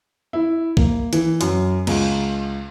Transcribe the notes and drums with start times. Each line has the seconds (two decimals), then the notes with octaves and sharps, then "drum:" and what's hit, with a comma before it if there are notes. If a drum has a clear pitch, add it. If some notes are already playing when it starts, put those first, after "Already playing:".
0.33 E4
0.77 A#3, drum: kick
1.13 E3, drum: hi-hat
1.41 F#2, drum: hi-hat
1.87 C#2, drum: cymbal